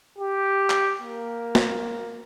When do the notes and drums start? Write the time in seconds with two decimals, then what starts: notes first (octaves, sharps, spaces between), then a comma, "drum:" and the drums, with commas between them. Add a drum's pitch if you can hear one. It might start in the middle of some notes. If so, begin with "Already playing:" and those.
0.18 G4
0.70 drum: clap
1.02 A#3
1.55 drum: snare